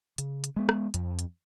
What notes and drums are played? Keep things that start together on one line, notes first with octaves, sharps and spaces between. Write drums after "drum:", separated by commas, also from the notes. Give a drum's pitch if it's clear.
C#3, drum: hi-hat
drum: hi-hat
G#3 B3
drum: rim click
F2, drum: hi-hat
drum: hi-hat